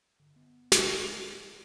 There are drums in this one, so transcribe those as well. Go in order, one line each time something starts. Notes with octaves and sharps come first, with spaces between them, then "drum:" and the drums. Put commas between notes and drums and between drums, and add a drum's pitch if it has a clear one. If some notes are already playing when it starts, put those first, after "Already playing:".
G2 D3
B3
drum: snare
G2 D3
G3
A3
G3